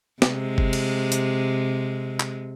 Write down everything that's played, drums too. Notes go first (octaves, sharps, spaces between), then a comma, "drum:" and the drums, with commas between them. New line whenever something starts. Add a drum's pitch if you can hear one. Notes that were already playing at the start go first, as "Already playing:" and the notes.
C3 G#3, drum: snare
drum: kick F#1
drum: cymbal
drum: hi-hat
drum: clap